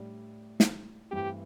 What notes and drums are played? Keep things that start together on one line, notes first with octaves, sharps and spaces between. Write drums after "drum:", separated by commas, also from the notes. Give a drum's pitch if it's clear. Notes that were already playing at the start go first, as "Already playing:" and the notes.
Already playing: A2 G3 D4
drum: snare
G2 E3 A3 C4 G4